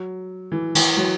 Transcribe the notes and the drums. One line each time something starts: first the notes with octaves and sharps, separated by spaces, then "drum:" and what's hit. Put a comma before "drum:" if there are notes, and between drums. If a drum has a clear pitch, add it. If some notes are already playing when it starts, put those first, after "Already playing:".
Already playing: F#3
E3
E3, drum: cymbal
F#3